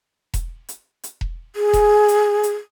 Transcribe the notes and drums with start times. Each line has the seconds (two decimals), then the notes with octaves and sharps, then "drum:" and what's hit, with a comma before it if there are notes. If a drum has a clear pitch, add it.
0.34 drum: kick E1, hi-hat
0.69 drum: hi-hat
1.03 drum: hi-hat
1.21 drum: kick E1
1.56 G#4
1.73 drum: kick E1, hi-hat
2.08 drum: hi-hat
2.43 drum: hi-hat